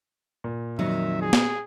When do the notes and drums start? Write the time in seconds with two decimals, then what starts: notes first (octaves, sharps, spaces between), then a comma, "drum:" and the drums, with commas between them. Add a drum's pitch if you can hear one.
0.44 A#2
0.79 F2 D#3 F#3 E5
1.22 G#4
1.33 drum: snare